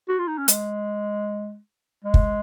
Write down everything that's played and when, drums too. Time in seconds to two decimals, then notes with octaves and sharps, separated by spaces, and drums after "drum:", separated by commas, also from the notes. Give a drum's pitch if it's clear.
0.08 F#4
0.19 F4
0.28 D#4
0.38 C#4
0.48 G#3, drum: hi-hat
2.04 G#3
2.14 drum: kick